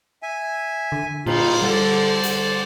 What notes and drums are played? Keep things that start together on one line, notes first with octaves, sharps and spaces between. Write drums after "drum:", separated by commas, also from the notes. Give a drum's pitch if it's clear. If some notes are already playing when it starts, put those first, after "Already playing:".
E5 G#5
D3
A#2 G3 D#4 F4, drum: cymbal
D3 G3 C5 D5
D3, drum: hi-hat